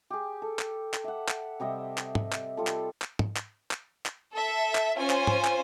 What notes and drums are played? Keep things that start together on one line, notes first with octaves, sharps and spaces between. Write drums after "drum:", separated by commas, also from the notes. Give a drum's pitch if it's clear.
G4 G#4
A4
drum: clap
drum: clap
E5 F#5
drum: clap
C3 G3 D#5 E5
drum: clap
drum: tom
drum: clap
G3 F4 A4
drum: clap
drum: clap
drum: tom
drum: clap
drum: clap
drum: clap
A4 E5
drum: clap
C#4 F4 C5 G#5
drum: clap
drum: tom
drum: clap